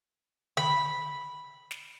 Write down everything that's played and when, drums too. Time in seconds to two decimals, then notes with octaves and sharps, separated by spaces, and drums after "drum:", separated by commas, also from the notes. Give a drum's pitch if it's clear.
0.57 B5, drum: tom D3
1.71 drum: snare